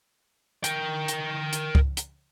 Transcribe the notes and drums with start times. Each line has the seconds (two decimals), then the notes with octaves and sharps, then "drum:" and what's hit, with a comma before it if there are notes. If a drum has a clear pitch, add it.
0.64 A#4 G5, drum: hi-hat
1.08 drum: hi-hat
1.53 drum: hi-hat
1.75 drum: kick
1.97 drum: hi-hat